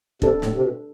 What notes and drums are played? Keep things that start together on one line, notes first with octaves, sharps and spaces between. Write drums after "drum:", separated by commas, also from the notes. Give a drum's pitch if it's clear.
C3 D4 A4 D5, drum: kick
A2, drum: snare
C3
B2